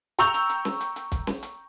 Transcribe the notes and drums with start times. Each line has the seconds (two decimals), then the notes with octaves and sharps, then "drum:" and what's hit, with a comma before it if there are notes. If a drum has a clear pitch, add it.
0.19 G5 A#5 C#6 E6 G6 F7, drum: hi-hat
0.34 drum: hi-hat
0.50 drum: hi-hat
0.65 drum: snare
0.81 drum: hi-hat
0.96 drum: hi-hat
1.12 drum: kick, hi-hat
1.27 drum: snare
1.43 drum: hi-hat